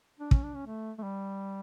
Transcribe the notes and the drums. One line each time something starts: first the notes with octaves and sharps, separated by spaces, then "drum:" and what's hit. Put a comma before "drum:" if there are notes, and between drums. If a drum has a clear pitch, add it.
D4
C#4, drum: kick
D4
C#4
A3
A3
G3